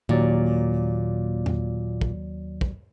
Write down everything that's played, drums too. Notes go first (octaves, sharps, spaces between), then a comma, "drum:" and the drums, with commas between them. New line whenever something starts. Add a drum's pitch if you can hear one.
D#2 A#2 F#3 D5
drum: tom E2
drum: kick
drum: kick